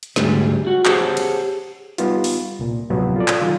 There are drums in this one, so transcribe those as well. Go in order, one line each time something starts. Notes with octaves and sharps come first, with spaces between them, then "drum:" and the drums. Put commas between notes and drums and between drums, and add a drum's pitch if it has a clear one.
drum: hi-hat
D2 G#2 G3 G#3, drum: snare
F#4
G4 G#4 C5 C#5 F#5 A5, drum: clap
drum: cymbal
G3 B3 D#4 F4, drum: hi-hat
drum: open hi-hat
C2 A#2
D2 A2 C3 F3 F#3 B3
F4 A4 D5
drum: clap
D#3 F#3 F4